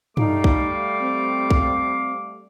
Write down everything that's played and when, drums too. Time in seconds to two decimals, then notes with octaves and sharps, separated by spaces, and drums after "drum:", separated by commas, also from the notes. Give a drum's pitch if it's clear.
0.17 G3 A3 D#4 F5 D6, drum: tom
0.44 drum: kick
1.00 C4
1.50 drum: kick